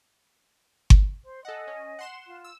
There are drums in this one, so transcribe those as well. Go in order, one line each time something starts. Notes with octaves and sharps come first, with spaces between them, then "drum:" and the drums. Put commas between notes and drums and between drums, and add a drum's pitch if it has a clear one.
drum: kick G1
C5 C6
A4 D#5 F#5 G#5
C#4
F#5 C6 E7
F4
E6